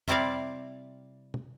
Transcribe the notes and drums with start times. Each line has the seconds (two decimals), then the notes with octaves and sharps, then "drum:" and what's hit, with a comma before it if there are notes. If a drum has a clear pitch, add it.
0.08 C3 G3 C4 E4 D5 F5, drum: tom
1.34 drum: tom B2